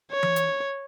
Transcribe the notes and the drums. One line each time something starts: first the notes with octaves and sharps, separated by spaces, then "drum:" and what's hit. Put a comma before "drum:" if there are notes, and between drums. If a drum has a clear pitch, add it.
C#5
drum: tom E3
drum: hi-hat